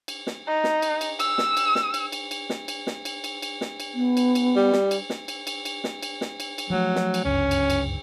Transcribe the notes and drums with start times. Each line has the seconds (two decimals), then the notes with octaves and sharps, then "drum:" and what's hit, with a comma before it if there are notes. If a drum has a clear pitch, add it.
0.08 drum: cymbal
0.27 drum: snare
0.47 D#4
0.64 drum: snare
0.82 drum: cymbal
1.01 drum: cymbal
1.20 E6, drum: cymbal
1.38 drum: snare
1.57 drum: cymbal
1.75 drum: snare
1.94 drum: cymbal
2.12 drum: cymbal
2.31 drum: cymbal
2.50 drum: snare
2.68 drum: cymbal
2.87 drum: snare
3.05 drum: cymbal
3.24 drum: cymbal
3.42 drum: cymbal
3.61 drum: snare
3.80 drum: cymbal
3.94 B3
4.17 drum: cymbal
4.35 drum: cymbal
4.56 G3
4.73 drum: snare
4.91 drum: cymbal
5.10 drum: snare
5.28 drum: cymbal
5.47 drum: cymbal
5.65 drum: cymbal
5.84 drum: snare
6.03 drum: cymbal
6.21 drum: snare
6.40 drum: cymbal
6.58 drum: cymbal
6.70 F3 F#3 A3
6.95 drum: snare
7.14 drum: cymbal
7.25 G1 C#2 F#2 C#4
7.51 drum: cymbal
7.70 drum: cymbal